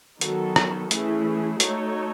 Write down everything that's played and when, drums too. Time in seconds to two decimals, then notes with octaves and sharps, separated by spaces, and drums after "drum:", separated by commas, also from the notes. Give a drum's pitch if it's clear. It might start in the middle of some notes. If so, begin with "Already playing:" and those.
0.21 D#3 F#3 B3 F#4 A4, drum: hi-hat
0.56 drum: rim click
0.91 E3 A3 C#4 E4 G#4, drum: hi-hat
1.60 A3 D#4 F#4 A4 C#5, drum: hi-hat